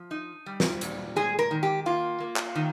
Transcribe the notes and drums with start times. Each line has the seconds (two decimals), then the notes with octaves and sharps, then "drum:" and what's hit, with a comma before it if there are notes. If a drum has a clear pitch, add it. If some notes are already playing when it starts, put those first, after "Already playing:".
Already playing: F3
0.11 D#4
0.46 G3
0.60 drum: snare
0.81 A#2, drum: hi-hat
1.16 G#3 G#4
1.39 A#4
1.51 D#3
1.63 G4
1.86 A#3 F4
2.20 A#3
2.36 drum: clap
2.55 D#3